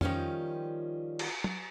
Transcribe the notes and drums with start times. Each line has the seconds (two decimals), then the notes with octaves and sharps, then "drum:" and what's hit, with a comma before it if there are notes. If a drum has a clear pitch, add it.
0.01 D#3 F3 G3 C#4 F4, drum: tom F2
1.19 drum: cymbal
1.44 drum: tom